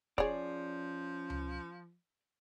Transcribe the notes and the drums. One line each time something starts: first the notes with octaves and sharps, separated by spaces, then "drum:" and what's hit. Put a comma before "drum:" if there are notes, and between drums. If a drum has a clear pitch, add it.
F3 C#4 G#4 C#5 D5, drum: kick
drum: tom C#2